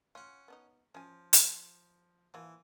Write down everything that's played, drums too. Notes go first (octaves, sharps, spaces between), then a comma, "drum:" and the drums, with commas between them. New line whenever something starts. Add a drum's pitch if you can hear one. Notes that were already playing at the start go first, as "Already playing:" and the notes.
C#4 F4 F#5
B3 D4 D#4
F3 C#4 G#5
drum: hi-hat
E3 F3 A#3 F#4